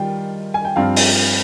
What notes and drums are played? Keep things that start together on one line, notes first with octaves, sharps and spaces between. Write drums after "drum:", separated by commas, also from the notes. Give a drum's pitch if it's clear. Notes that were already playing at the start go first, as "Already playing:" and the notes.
Already playing: D#3 G3 F4 G5
G#5
G5
G2 F3 C4 F4 F5
drum: open hi-hat